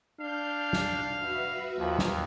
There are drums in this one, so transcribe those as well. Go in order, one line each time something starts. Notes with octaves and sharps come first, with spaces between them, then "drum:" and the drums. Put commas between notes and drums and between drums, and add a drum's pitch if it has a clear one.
D4 F5 G6
drum: snare
F#4 B4 E5
D#2 F3
drum: snare